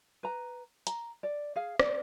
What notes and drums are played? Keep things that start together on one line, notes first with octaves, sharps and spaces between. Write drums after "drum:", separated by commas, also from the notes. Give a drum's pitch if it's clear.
B4 A#5
A#5, drum: hi-hat
D5
G#4 F5
D5, drum: rim click